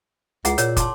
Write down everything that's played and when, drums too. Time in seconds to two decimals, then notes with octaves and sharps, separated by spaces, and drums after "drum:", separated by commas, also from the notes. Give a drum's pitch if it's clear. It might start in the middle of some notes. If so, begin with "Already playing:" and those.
0.45 C#2 E4 G#4 F#5, drum: hi-hat
0.58 A#2 A#4 C#5, drum: hi-hat
0.77 A5 C6 D6, drum: kick, hi-hat